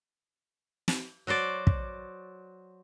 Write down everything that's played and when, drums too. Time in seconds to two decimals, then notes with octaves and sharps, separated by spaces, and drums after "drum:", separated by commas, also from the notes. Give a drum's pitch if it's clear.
0.88 drum: snare
1.27 F#3 F#4 C5 D5
1.67 drum: kick